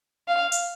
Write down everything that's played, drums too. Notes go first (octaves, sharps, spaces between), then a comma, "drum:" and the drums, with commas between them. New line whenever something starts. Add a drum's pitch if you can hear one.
F5
drum: hi-hat